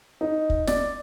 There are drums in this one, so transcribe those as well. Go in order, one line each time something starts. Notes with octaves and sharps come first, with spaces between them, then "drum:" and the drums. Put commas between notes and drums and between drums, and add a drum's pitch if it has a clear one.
D#4
drum: kick
D5, drum: snare